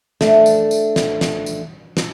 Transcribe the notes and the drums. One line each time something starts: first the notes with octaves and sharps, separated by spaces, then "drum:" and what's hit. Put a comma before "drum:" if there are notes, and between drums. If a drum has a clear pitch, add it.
A3 D4, drum: snare
drum: tambourine
drum: tambourine
drum: snare
drum: snare
drum: tambourine
drum: snare